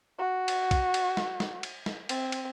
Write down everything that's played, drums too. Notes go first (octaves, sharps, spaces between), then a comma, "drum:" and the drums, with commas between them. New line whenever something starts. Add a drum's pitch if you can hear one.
F#4
drum: cymbal
drum: kick, cymbal
drum: cymbal
drum: snare
drum: snare
drum: cymbal
drum: snare
C4, drum: cymbal
drum: cymbal